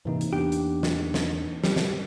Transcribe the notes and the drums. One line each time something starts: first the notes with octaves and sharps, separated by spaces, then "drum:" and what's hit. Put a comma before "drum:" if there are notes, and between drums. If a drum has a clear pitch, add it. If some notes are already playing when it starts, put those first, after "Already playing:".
G#2 C3 E3 A#3 D#4
drum: hi-hat
E2 B3 D4 G4
drum: hi-hat
drum: snare
drum: snare
G3, drum: snare
drum: snare